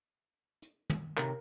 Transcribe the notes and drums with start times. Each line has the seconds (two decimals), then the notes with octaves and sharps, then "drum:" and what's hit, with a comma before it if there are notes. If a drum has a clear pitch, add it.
0.62 drum: hi-hat
0.90 drum: tom
1.17 A2 C3 D#3 A#4, drum: clap